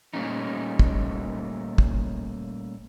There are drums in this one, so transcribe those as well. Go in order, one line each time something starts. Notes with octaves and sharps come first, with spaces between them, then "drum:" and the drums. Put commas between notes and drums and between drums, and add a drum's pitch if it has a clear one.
A#2 G3 A3 A#3 C#4 D#4
drum: kick
drum: kick